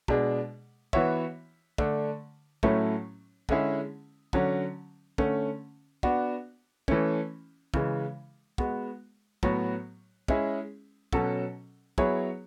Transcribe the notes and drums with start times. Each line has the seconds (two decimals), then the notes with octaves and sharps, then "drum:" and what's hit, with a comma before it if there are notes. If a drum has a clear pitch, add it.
0.08 B2 G#3 D4 G#4, drum: kick
0.93 E3 B3 F#4 C#5 E5, drum: kick
1.78 D3 A3 D4, drum: kick
2.63 A2 F#3 A3 C#4 E4, drum: kick
3.49 D3 G#3 C#4 E4 G#4, drum: kick
4.33 D3 F#3 C#4, drum: kick
5.18 D3 A3 C#4, drum: kick
6.03 B3 D4 F#4, drum: kick
6.88 E3 A3 C#4, drum: kick
7.74 C#3 E3 G#3, drum: kick
8.58 G#3 B3 F#4, drum: kick
9.43 A2 F#3 B3 F#4 C#5, drum: kick
10.28 G#3 C#4 E4 G#4, drum: kick
11.13 B2 F#3 C#4 F#4 A4, drum: kick
11.98 F#3 B3 E4 G#4 C#5, drum: kick